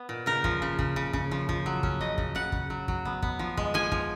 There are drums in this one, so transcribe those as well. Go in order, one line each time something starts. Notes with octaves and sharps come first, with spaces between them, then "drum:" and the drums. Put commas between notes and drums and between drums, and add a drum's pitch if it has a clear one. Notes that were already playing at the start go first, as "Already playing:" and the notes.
Already playing: B3
A#2
C#3 A#4
F3, drum: kick
C#3
C#3, drum: kick
C#3
C#3, drum: kick
F3
F3, drum: kick
F#3
C#4, drum: kick
C#3 D#5
C#3, drum: kick
C#3 F#5
C#3, drum: kick
F#3
F#3, drum: kick
B3
B3, drum: kick
F3
G#3, drum: kick
F3 G#5
F3, drum: kick